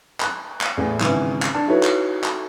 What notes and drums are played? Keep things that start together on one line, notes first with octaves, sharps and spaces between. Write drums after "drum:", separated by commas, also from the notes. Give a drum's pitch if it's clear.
B5 F#6, drum: clap
drum: clap
E2 A2
G#1 C#3 E3, drum: clap
drum: clap
D4 A5
D#4 E4 F#4 A4 B4 C#5
drum: clap
drum: clap